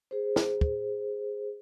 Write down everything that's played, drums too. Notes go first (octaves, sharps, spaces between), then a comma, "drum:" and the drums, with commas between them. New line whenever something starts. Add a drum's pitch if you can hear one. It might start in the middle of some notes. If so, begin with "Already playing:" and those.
G#4 C5
drum: snare
drum: kick